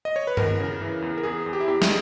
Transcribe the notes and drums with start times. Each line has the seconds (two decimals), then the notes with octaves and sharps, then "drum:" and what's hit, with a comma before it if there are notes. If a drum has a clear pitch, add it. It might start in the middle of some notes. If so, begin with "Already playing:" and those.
0.05 D#5
0.16 C#5
0.27 B4
0.37 E2 A#4, drum: tom G2
0.60 C#3
0.81 E3
1.02 E2
1.17 A#4
1.23 E2 G#4
1.46 E2
1.53 G4
1.60 E4
1.68 E2 G4
1.82 G#4, drum: snare